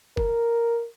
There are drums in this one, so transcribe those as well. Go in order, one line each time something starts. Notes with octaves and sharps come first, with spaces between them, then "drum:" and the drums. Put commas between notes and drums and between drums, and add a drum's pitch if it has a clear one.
A#4, drum: kick